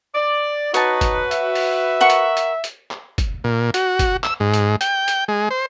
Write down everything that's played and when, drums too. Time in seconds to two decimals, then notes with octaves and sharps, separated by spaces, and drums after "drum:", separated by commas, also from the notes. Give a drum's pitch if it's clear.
0.15 D5
0.74 D#4 F#4 B4 C#5 A5, drum: hi-hat
1.01 drum: kick, hi-hat
1.31 E5, drum: hi-hat
1.55 drum: open hi-hat
2.01 A#4 F#5 C#6
2.10 drum: hi-hat
2.37 drum: hi-hat
2.64 drum: hi-hat
2.91 drum: clap
3.18 drum: kick, hi-hat
3.44 A#2
3.74 F#4, drum: hi-hat
3.99 drum: kick, hi-hat
4.24 E6, drum: clap
4.40 G#2
4.54 drum: hi-hat
4.81 G5, drum: hi-hat
5.08 drum: hi-hat
5.28 G#3
5.50 C5